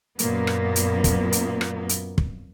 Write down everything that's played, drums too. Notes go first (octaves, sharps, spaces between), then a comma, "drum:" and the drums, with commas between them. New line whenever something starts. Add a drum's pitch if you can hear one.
F#2 A#2 A#3 B3, drum: hi-hat
drum: rim click
drum: hi-hat
drum: kick, hi-hat
drum: hi-hat
drum: rim click
drum: hi-hat
drum: kick